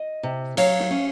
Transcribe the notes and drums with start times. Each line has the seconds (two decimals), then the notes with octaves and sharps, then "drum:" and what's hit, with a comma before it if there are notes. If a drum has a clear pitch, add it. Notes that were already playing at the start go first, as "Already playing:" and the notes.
Already playing: D#5
0.23 C3
0.57 F#3 C#5 F5, drum: cymbal
0.80 drum: snare
0.91 C#4